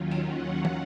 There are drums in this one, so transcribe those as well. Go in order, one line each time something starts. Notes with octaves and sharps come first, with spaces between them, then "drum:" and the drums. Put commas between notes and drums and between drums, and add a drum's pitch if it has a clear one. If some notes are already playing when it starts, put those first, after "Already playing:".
Already playing: D#2 D#3 F#3 C#4 F4
drum: cymbal
F#5
drum: tom